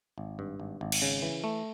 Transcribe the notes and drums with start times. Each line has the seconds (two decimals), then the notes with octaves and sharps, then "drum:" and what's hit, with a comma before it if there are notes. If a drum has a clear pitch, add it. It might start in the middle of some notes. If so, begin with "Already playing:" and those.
0.18 G#1
0.39 G2
0.60 G#1
0.81 G#1
0.92 drum: cymbal
1.02 C#3
1.22 E3
1.44 A3